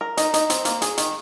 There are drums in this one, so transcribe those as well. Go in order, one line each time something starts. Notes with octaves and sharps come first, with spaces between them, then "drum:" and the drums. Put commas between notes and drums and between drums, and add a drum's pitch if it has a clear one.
A#4
D#4, drum: hi-hat
D#4, drum: hi-hat
C4, drum: hi-hat
A#3, drum: hi-hat
G#4, drum: hi-hat
D#3, drum: hi-hat